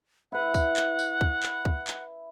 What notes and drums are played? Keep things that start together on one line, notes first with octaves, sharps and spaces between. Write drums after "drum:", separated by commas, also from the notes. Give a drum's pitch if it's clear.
E4 B4 F#5
drum: kick C#2, tambourine
drum: clap
drum: tambourine
drum: kick C#2
drum: clap
drum: kick C#2
drum: clap